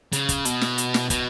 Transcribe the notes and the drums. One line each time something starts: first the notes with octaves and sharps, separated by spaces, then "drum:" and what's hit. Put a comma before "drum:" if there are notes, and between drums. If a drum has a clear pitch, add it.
C#3, drum: hi-hat
drum: kick, hi-hat
B2, drum: hi-hat
drum: snare
drum: hi-hat
drum: snare
B2, drum: kick, hi-hat